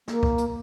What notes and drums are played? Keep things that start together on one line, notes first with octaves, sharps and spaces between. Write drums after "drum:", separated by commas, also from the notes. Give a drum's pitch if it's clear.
A#3, drum: snare
drum: kick C2
drum: hi-hat